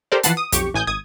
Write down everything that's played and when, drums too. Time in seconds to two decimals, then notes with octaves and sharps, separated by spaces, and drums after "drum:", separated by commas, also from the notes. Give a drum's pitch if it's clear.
0.12 G4 A4 A#4 C5 D5
0.23 E3 F3 B4 F#5 A5 C7, drum: hi-hat
0.37 D#6
0.52 B1 F2 G4 C#6, drum: hi-hat
0.74 A1 A2 G#5 D#6 G6
0.87 G#1 D#6 G#6